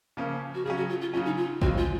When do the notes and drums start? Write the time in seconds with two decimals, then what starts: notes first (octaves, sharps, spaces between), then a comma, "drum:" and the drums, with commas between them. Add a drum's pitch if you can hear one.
0.17 C#3 F3 A#3 C#4
0.55 F#4
0.65 C#3 F#3 C#4 G#4
0.77 F#4
0.90 F4
1.01 F4
1.14 C#3 F#3 C#4 F4
1.26 D#4
1.37 F4
1.62 C#3 G#3 C4 F#4, drum: kick A1
1.78 F4